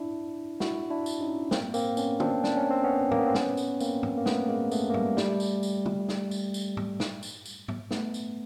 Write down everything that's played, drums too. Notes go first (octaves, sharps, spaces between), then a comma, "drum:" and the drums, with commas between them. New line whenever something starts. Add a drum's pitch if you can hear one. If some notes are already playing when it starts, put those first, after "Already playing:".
Already playing: D4 E4
E4 F#4, drum: snare
D4 E4
drum: tambourine
C#4 D#4
A#3 C4, drum: snare
A#3 C4, drum: tambourine
B3 C#4, drum: tambourine
C4 D4, drum: tom
D4, drum: snare
C#4
C4
B3 C#4
A#3, drum: tom
B3
C4
B3 C#4, drum: snare
drum: tambourine
A#3 C4, drum: tambourine
drum: tom
A#3
A3 B3, drum: snare
G#3 A#3
A3 B3, drum: tambourine
A#3
G3 A3, drum: tom
G3 A3, drum: snare
drum: tambourine
drum: tambourine
drum: tom
drum: snare
drum: tambourine
drum: tambourine
drum: tom
drum: snare
drum: tambourine
drum: tambourine
drum: tom
A3 B3, drum: snare
drum: tambourine